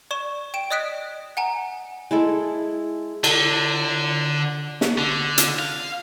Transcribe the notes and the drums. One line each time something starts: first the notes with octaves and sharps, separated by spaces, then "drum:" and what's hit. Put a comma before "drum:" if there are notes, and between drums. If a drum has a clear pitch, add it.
D5 C#6 E7
G5 D7 E7
D5 D#5 D#6 F#6 B6 D7
F#5 G#5 A#5
G#3 E4 A4
D3, drum: cymbal
drum: snare
D3
drum: hi-hat
F5